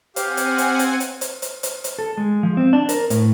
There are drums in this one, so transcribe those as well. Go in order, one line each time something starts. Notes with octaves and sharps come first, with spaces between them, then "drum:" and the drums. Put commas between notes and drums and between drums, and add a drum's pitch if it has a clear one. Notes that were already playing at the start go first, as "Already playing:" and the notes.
C4 G4 F5 F#5 G#5, drum: hi-hat
drum: hi-hat
drum: hi-hat
drum: hi-hat
drum: hi-hat
drum: hi-hat
drum: hi-hat
drum: hi-hat
drum: hi-hat
A4
G#3
F3
C4
D4
A#4, drum: hi-hat
A2, drum: hi-hat